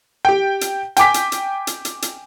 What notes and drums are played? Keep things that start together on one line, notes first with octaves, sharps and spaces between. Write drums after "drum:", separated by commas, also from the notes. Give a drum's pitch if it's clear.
G4 G5
drum: hi-hat
G5 G#5 D6 B6, drum: hi-hat
drum: hi-hat
drum: hi-hat
drum: hi-hat
drum: hi-hat
drum: hi-hat